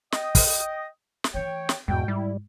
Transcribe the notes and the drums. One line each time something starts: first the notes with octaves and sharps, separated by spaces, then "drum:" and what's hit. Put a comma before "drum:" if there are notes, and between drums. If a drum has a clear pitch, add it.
D#5 G5 D#6, drum: snare
drum: kick, open hi-hat
drum: snare
E3 A3 C#5 G5
drum: snare
E2 G#2 B2 G5
G3 E4